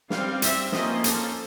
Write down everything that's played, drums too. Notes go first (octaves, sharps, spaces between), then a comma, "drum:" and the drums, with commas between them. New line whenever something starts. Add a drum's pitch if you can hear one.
G3 C4 F5, drum: snare
E5, drum: hi-hat
F3 A#3 C#4 D#5, drum: snare
A4, drum: hi-hat